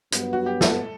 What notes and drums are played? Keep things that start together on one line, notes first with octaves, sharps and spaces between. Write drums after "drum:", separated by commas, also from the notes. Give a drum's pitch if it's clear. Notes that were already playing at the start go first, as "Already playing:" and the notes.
G2 F#3 B3, drum: hi-hat
F#4
G4
A4, drum: snare